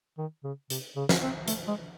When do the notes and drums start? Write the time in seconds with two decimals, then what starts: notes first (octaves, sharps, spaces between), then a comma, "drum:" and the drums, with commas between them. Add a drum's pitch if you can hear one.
0.18 D#3
0.44 C#3
0.70 C3, drum: hi-hat
0.97 C#3
1.09 drum: snare
1.23 C4
1.48 A3, drum: hi-hat
1.68 G#3